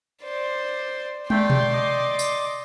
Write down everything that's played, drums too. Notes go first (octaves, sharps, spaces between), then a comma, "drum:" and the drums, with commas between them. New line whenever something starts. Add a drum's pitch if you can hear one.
C5 D5
A3 D5 G5 C6, drum: tom
drum: tom B2
D#5 D6
drum: tambourine